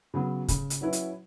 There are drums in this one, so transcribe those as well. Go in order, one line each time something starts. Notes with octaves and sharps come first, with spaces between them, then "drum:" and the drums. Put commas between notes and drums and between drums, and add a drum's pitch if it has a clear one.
C#3 F#3 B3
C#3, drum: kick, hi-hat
drum: hi-hat
F#3 C#4 E4 B4
drum: hi-hat